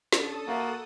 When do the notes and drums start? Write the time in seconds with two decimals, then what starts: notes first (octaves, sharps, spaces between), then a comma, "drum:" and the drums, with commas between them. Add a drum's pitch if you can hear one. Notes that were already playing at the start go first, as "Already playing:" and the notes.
0.13 C#4 D4 A4 A5 D#6, drum: snare
0.48 A#3 F#4 E5 F5